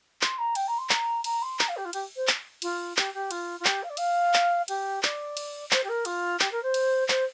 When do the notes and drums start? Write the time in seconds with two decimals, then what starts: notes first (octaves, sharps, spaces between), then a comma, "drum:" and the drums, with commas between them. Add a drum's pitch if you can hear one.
0.21 C6, drum: clap
0.38 A#5
0.55 G5, drum: cymbal
0.67 A#5
0.78 C6
0.89 A#5, drum: clap
1.24 A#5, drum: cymbal
1.42 C6
1.59 A#5, drum: clap
1.68 F5
1.76 G4
1.85 F4
1.93 G4, drum: cymbal
2.16 C5
2.27 drum: clap
2.62 F4, drum: cymbal
2.97 G4, drum: clap
3.14 G4
3.31 F4, drum: cymbal
3.60 F4
3.65 G4, drum: clap
3.83 F5
3.89 D5
3.97 F5, drum: cymbal
4.34 drum: clap
4.68 G4, drum: cymbal
5.03 D5, drum: clap
5.37 drum: cymbal
5.71 C5, drum: clap
5.83 G4
5.89 A#4
6.05 F4, drum: cymbal
6.40 G4, drum: clap
6.51 A#4
6.63 C5
6.74 drum: cymbal
7.08 C5, drum: clap